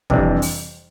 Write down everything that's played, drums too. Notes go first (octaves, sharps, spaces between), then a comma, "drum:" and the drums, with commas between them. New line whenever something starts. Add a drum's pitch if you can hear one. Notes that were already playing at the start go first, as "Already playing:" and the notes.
F2 C3 E3 G3 D4, drum: kick
drum: open hi-hat